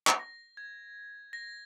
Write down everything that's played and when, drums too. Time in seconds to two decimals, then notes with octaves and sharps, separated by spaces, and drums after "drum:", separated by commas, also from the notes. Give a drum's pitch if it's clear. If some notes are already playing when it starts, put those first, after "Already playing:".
0.07 drum: clap
0.19 A#6
0.57 G#6
1.33 A#6